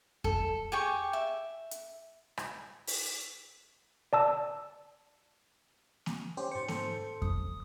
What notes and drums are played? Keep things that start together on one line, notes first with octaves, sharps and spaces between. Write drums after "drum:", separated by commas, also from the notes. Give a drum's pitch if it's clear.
A4, drum: kick F2
G4 G#4 G5 C#6
E5
drum: hi-hat
drum: rim click
drum: open hi-hat
D5 A5 E6
drum: snare A#3
C#4 G4 C5
G#2 C5 C#7
A4 C5, drum: snare A#3
D#6, drum: kick F2